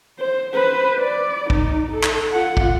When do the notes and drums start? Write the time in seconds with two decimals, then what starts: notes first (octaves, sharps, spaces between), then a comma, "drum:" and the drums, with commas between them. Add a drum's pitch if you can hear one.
0.19 C5
0.54 B4 C5
1.00 D5
1.50 D#4, drum: kick
1.92 A4
2.03 drum: clap
2.32 F4 F#5
2.57 drum: kick